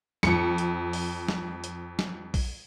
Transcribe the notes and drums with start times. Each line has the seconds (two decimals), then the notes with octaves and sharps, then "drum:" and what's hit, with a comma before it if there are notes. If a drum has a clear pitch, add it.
0.23 F2 C#7, drum: snare
0.58 drum: hi-hat
0.93 drum: open hi-hat
1.28 drum: snare
1.64 drum: hi-hat
1.99 drum: snare
2.34 drum: kick, open hi-hat